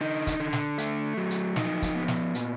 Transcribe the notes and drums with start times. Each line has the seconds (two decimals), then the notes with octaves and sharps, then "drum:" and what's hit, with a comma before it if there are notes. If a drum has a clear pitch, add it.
0.01 D3 D#4
0.27 drum: kick, hi-hat
0.40 D3
0.53 drum: snare
0.78 A3, drum: hi-hat
1.17 F#3
1.30 drum: hi-hat
1.56 F3 D#4, drum: snare
1.82 drum: kick, hi-hat
1.95 B3
2.08 drum: snare
2.35 A#2, drum: hi-hat